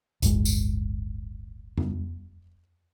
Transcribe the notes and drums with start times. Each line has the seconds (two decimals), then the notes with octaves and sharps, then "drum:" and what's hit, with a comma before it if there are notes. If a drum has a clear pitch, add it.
0.22 D1 G1 G#3, drum: hi-hat
0.45 drum: tambourine
1.78 drum: tom F2